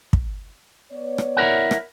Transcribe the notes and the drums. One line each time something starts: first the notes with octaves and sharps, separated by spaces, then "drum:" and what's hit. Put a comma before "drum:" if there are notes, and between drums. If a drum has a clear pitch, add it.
drum: kick
B3 C#5 D5
drum: rim click
E4 A#4 F#5
drum: rim click